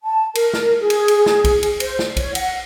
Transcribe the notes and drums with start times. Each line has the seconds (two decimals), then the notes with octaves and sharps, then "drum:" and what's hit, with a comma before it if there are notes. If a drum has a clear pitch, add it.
0.03 A5
0.35 A#4, drum: cymbal
0.54 drum: snare
0.80 G#4
0.90 drum: cymbal
1.08 drum: cymbal
1.26 drum: snare
1.44 drum: kick B1, cymbal
1.63 drum: cymbal
1.80 C5, drum: cymbal
1.99 drum: snare
2.17 C#5, drum: kick B1, cymbal
2.35 F#5, drum: cymbal